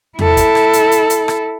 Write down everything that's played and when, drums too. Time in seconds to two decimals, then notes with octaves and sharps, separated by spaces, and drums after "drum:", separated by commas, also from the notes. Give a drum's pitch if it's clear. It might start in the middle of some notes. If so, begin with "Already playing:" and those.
0.19 E4 A4, drum: tom E2
0.37 drum: kick, hi-hat
0.55 drum: rim click
0.73 drum: hi-hat
0.92 drum: hi-hat
1.10 drum: hi-hat
1.28 drum: rim click